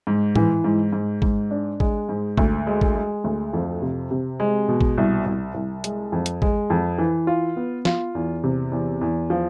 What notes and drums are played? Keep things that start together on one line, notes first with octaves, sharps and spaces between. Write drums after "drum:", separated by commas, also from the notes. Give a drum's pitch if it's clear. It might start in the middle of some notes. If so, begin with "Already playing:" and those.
G#2
E3, drum: tom A2
G#2
G#2
G#2, drum: kick
D4
G#3, drum: kick
G#2
D2, drum: kick
G#3
drum: kick
G#3
D2
F2
C3
C3
G#3
B2
drum: kick
C2
C2
C2
G#3, drum: hi-hat
F2
drum: hi-hat
G#3, drum: kick
F2
E3
F4
B3
F4, drum: snare
E2
C3
E2
E2
F3